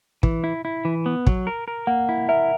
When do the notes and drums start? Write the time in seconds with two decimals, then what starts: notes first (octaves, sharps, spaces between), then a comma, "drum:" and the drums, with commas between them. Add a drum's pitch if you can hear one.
0.23 E3, drum: kick
0.44 E4
0.65 E4
0.85 E3
1.06 B3
1.27 F#3, drum: kick
1.47 A#4
1.68 A#4
1.87 A#3 F#5
2.09 E4
2.29 A#4 E5